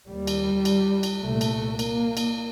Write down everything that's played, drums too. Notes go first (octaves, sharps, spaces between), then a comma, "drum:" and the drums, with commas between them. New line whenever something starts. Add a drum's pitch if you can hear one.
D#2 G3
drum: cymbal
drum: cymbal
drum: cymbal
C2 A#2 A3
drum: cymbal
A#3, drum: cymbal
drum: cymbal